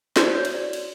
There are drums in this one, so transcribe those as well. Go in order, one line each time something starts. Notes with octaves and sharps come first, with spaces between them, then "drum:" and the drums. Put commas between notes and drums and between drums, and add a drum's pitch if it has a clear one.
F#4 A4 C5 D5, drum: snare
C#5
drum: cymbal
D5
drum: cymbal